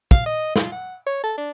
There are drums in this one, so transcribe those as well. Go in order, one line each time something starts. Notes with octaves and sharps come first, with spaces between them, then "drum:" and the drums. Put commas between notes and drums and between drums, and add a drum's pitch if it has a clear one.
F5, drum: kick
D#5
F4, drum: snare
F#5
C#5
A4
D4